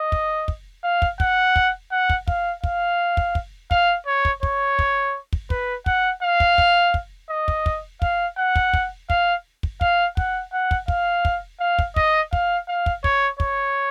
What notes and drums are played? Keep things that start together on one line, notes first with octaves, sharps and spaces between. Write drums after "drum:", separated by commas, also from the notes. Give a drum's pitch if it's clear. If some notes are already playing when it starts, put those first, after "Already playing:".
Already playing: D#5
drum: kick
drum: kick
F5
drum: kick
F#5, drum: kick
drum: kick
F#5
drum: kick
F5, drum: kick
F5, drum: kick
drum: kick
drum: kick
F5, drum: kick
C#5
drum: kick
C#5, drum: kick
drum: kick
drum: kick
B4, drum: kick
F#5, drum: kick
F5
drum: kick
drum: kick
drum: kick
D#5
drum: kick
drum: kick
F5, drum: kick
F#5
drum: kick
drum: kick
F5, drum: kick
drum: kick
F5, drum: kick
F#5, drum: kick
F#5
drum: kick
F5, drum: kick
drum: kick
F5
drum: kick
D#5, drum: kick
F5, drum: kick
F5
drum: kick
C#5, drum: kick
C#5, drum: kick